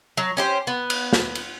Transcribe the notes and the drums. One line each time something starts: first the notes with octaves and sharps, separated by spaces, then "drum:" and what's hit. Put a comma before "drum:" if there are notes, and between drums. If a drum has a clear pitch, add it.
F#3
C#4 G4 C5
B3
drum: cymbal
drum: snare
drum: cymbal